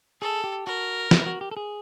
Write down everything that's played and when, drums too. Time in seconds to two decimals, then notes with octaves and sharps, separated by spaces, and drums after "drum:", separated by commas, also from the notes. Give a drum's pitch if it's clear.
0.21 G#4 A4
0.44 G4
0.66 F#4 A#4
1.11 E4, drum: snare
1.26 F#4
1.41 G4
1.51 A4
1.57 G#4